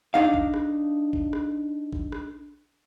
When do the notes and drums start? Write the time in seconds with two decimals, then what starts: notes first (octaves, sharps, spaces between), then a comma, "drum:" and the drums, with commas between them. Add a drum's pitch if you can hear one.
0.14 D4 D#4 F5
0.34 drum: kick
0.54 drum: rim click
1.13 drum: kick
1.33 drum: rim click
1.93 drum: kick
2.12 drum: rim click